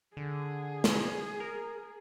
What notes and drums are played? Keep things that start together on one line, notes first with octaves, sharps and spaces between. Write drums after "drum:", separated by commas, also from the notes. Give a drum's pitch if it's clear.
D3 G#4
drum: snare
A#4